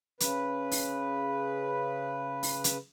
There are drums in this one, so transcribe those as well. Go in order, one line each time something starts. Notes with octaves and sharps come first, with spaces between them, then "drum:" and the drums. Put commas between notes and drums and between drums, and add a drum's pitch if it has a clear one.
C#3 B4, drum: hi-hat
drum: open hi-hat
drum: open hi-hat
drum: hi-hat